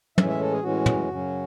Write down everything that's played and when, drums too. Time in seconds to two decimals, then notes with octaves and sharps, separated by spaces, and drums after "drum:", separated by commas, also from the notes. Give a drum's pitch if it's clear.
0.18 A2 E3 G#3 C#4 E5, drum: tom
0.28 E5
0.40 A4
0.52 G#4
0.63 A2 E3 G#3 C#4 F#4
0.86 drum: tom
1.09 F#2 C#3 F#3 C#4